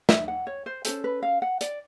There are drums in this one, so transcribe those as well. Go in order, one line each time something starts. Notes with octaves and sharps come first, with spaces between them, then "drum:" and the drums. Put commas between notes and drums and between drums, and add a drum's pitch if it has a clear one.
E5, drum: snare
F#5
C#5
C5
C#4 F#4 A4 C5, drum: hi-hat
B4
F5
F#5
D5, drum: hi-hat